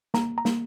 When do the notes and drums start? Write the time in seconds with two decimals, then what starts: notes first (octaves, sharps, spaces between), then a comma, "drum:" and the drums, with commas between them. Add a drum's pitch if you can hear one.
0.14 A#3 A#5, drum: snare
0.38 A#5
0.45 A#3, drum: snare